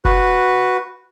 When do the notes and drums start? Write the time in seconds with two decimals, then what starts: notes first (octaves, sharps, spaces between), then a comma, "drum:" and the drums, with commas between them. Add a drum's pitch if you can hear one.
0.05 F#4 B4, drum: kick